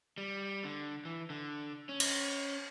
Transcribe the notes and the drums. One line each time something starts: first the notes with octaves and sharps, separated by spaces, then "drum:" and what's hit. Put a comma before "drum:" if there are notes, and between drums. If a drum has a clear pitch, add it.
G3
D3
E3
D3
C#4
drum: cymbal